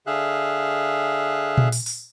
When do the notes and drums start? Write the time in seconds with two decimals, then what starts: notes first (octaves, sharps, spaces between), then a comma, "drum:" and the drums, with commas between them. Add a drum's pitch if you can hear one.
0.07 D3 G#4 E5 F5 F#6
1.58 drum: tom A#2
1.72 drum: open hi-hat
1.86 drum: open hi-hat